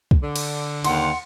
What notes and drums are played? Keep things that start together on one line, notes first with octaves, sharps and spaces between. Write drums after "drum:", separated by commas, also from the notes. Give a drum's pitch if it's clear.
drum: kick
D3
drum: cymbal
D#2 F#5 C6, drum: cymbal